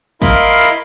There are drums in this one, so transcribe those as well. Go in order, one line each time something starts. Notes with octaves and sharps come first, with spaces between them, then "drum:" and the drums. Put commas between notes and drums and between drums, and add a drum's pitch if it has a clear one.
E4 A#4 D#5 F5 B5 C6, drum: kick, tambourine
drum: clap